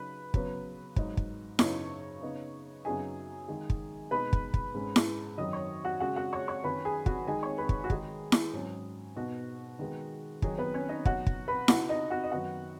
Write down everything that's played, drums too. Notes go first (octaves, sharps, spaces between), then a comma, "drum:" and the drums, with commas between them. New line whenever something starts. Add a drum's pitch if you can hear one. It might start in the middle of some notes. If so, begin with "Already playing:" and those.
Already playing: C#3 F#3 D#4 B4 B5
C#3 F#3 B3, drum: kick
G#2 F#3 D#4, drum: kick
drum: kick
F#2 C#3 F#3 B3 D#4 C#5 C#6, drum: snare E4
C#3 B3 D#4
F#2 C#3 F#3 B3 D#4 G#4 G#5
D#3 G#3 D#4
drum: kick
B2 G#3 B3 D#4 B4 B5
drum: kick
drum: kick
G#2 G#3 C#4
drum: snare E4
F#2 D#3 F#3 D#5 D#6
C#5 C#6
F#4 F#5
C#3 G#3 C#4 F#4 F#5
F#4 F#5
C#5 C#6
C#5 C#6
F#2 D#3 F#3 C#4 B4 B5
G#4 G#5
F#4 F#5, drum: kick
D#3 G#3 D#4 G#4 G#5
C#5 C#6
B4 B5
drum: kick
F#4
D#3 G#3 D#4 G#4, drum: kick
drum: snare E4
G#2 F#3 C#4
B2 B3 D#4 F#4
D#3 G#3 B3
D#3 F#3 D#4 G#4, drum: kick
B3 B4
C#4 C#5
D#4 D#5
B2 F#3 D#4 F#4 F#5, drum: kick
drum: kick
B4 B5
C#3 B3 D#4 F#4 F#5, drum: snare E4
D#4 D#5
F#4 F#5
D#5
F#2 D#3 B3 F#4 F#5